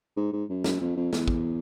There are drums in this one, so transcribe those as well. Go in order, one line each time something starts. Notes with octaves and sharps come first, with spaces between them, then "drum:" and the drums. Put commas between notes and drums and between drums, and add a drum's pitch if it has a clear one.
G#2
G#2
F#2
F#2, drum: snare
F2
F2
E2, drum: snare
drum: kick